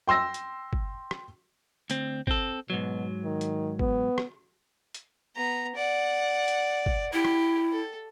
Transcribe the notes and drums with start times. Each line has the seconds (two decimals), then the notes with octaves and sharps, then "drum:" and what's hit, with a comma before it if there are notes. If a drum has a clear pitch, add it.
0.07 G5 C6 E6 A#6
0.34 drum: hi-hat
0.73 drum: kick
1.11 drum: rim click
1.90 D2 C4, drum: hi-hat
2.27 C4 A4, drum: kick
2.70 G#2 B2 F#3
3.24 D#3
3.41 drum: hi-hat
3.79 B3, drum: kick
4.18 drum: rim click
4.94 drum: hi-hat
5.36 B3 A#5
5.76 D5 F#5
6.48 drum: hi-hat
6.86 drum: kick
7.13 E4 G4
7.25 drum: rim click
7.72 A4